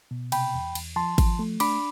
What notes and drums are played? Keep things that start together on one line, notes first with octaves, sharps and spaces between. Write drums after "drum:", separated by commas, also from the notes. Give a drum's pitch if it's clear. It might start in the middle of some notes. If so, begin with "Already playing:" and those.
B2
C3 G5 B5, drum: cymbal
E2
E2, drum: cymbal
F3 A5 C6
F3, drum: kick G#1, cymbal
A3
D4 B5 D6, drum: cymbal